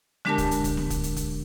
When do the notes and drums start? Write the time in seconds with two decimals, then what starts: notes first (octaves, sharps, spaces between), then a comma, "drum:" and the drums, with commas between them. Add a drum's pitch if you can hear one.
0.25 D3 G#3 D4 G4 A#4 A5, drum: snare
0.38 drum: kick, hi-hat
0.51 drum: hi-hat
0.64 drum: kick, hi-hat
0.77 drum: snare
0.90 drum: kick, hi-hat
1.03 drum: hi-hat
1.16 drum: kick, hi-hat